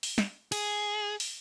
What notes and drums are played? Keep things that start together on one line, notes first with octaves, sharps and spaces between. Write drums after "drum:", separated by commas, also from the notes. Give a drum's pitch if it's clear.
drum: open hi-hat
drum: snare
G#4, drum: cymbal
drum: open hi-hat